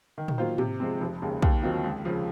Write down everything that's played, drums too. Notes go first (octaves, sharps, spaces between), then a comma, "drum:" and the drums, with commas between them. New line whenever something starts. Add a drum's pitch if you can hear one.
D#3
drum: tom
F#3 A#3 F4 C5
C3, drum: tom
F3 G#3 C4
F1
D#2 C#3 G#3
D#2, drum: kick
D#3 F#3 C4 F4
C#2
C#3 F3